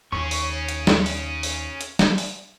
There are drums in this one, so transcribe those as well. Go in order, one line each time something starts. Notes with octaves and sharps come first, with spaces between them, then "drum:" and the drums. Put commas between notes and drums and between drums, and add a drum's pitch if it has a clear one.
D#2 C#4 G#4 C#6
drum: open hi-hat
drum: hi-hat
drum: snare
drum: open hi-hat
drum: open hi-hat
drum: hi-hat
drum: snare
drum: open hi-hat